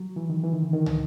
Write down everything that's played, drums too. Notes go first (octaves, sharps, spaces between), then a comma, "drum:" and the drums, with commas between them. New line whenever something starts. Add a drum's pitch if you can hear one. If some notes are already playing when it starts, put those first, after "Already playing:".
Already playing: F#3
E3
D#3
E3
D#3
D3
D#3
drum: tom